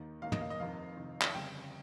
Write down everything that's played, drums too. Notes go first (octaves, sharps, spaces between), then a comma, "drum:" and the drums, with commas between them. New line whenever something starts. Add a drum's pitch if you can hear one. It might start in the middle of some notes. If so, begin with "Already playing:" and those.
Already playing: D#2 D#3 A#3
D#2 D#3 A#3 F5
D#5, drum: tom
F5
D#5
F1 F2 C3 D#3 F5
F1 F2 C3 D#3
drum: clap
G1 F2 C#3 G3 G5